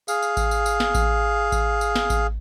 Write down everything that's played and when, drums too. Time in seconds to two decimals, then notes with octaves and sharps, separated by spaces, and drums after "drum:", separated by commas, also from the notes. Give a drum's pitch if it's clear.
0.08 G#4 F5, drum: tambourine
0.22 drum: tambourine
0.37 drum: kick A1, tambourine
0.51 drum: tambourine
0.66 drum: tambourine
0.80 drum: snare
0.95 drum: kick A1, tambourine
1.52 drum: kick A1, tambourine
1.81 drum: tambourine
1.96 drum: snare
2.10 drum: kick A1, tambourine